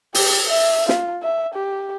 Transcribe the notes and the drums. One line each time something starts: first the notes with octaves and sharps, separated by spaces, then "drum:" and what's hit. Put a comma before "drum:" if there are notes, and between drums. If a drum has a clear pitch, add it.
G4, drum: open hi-hat
E5
F4, drum: snare
E5
G4